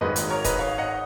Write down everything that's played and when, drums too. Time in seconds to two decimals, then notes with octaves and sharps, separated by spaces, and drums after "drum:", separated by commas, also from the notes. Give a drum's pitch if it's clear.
0.01 G#1 G#2 D#3 G#3 B4 D#5
0.16 drum: hi-hat
0.30 A#4 C#5
0.44 B4 D#5, drum: kick D#1, hi-hat
0.59 C#5 F5
0.78 D#5 F#5